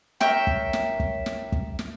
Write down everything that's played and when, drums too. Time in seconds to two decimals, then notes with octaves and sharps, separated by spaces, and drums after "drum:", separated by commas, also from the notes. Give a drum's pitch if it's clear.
0.21 A#4 C#5 E5 G5, drum: snare
0.47 drum: kick
0.73 drum: snare
1.00 drum: kick
1.26 drum: snare
1.52 drum: kick
1.79 drum: snare